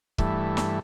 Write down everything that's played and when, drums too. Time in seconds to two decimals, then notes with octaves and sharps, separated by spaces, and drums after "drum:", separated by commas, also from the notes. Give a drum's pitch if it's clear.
0.18 G2 E3 A3, drum: kick
0.57 drum: snare